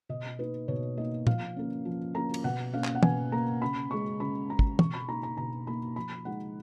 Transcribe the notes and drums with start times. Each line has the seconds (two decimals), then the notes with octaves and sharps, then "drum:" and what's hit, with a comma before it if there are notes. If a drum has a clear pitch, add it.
0.09 B2 D#5
0.39 A#3 D#4 B4
0.68 B2 C#5
0.97 A#3 D#4 D#5
1.27 F3 F5, drum: tom A#2
1.56 A#3 C#4
1.85 F3
2.14 A#3 C#4 A#5
2.34 drum: cymbal
2.44 B2 F#5
2.74 A#3 C#4 F5
2.84 drum: clap
2.95 F#5
3.03 B2 G#5, drum: tom
3.32 A#3 C#4 A#5
3.61 C#3 B5
3.91 G#3 C#4 C#6
4.20 C#3 B5
4.49 G#3 C#4 A#5
4.59 drum: kick
4.79 B2 C#6, drum: tom
4.94 B5
5.08 A#3 D#4 A#5
5.23 A#5
5.37 B2 A#5
5.67 A#3 D#4 B5
5.96 F3 B5
6.25 G#3 D#4 F#5